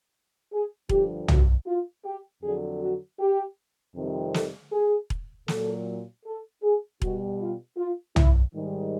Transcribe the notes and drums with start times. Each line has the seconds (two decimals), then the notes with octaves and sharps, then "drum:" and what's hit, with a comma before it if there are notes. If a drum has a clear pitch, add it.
0.52 G#4
0.89 G2 D3 F3 G4, drum: kick E1
1.28 F#4, drum: tom
1.66 F4
2.05 G4
2.42 F2 D3 F#3 G#4
2.80 F#4
3.19 G4
3.95 F2 C3 D#3 G3
4.34 A4, drum: snare
4.72 G#4
5.10 drum: kick E1
5.48 A#2 F#3 A4, drum: snare
6.25 A4
6.63 G#4
7.02 B2 G3 F#4, drum: kick E1
7.40 F4
7.77 F4
8.16 E4, drum: tom
8.54 G#2 D#3 G3